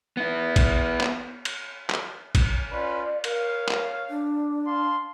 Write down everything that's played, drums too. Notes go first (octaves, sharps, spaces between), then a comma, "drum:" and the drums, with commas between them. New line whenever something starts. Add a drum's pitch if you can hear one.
B3 E4
drum: kick G#1, cymbal
drum: clap
drum: cymbal
drum: clap
drum: kick G#1, cymbal
C#4 F4 B4 D5
A#4 C#5 F5, drum: cymbal
drum: clap
D4
F5 A5 C6